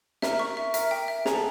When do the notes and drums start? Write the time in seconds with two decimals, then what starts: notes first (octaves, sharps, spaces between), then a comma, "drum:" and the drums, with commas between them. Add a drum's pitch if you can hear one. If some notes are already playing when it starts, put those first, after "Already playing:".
0.22 A#4 E5, drum: snare
0.39 C#6
0.57 E5
0.74 A#4 E5, drum: hi-hat
0.91 G5
1.08 E5
1.25 G#4 A#5, drum: snare
1.33 A4